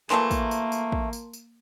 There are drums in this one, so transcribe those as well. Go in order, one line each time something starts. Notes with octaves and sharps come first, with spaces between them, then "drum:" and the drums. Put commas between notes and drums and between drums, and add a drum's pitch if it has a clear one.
E3 F#3 A3 A#3 A#4 A5 C6, drum: clap
drum: kick, tambourine
drum: tambourine
drum: tambourine
drum: kick
drum: tambourine
drum: tambourine